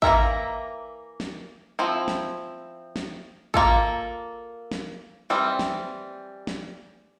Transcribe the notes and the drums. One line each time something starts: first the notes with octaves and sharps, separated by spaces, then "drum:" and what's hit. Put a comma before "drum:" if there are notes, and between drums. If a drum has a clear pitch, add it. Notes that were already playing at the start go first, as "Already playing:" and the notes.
E3 A#3 E4 A#4 E5, drum: kick
drum: snare
F3 C4 E4
drum: snare
drum: snare
A#3 F4 A4, drum: kick
drum: snare
E3 G3 C4
drum: snare
drum: snare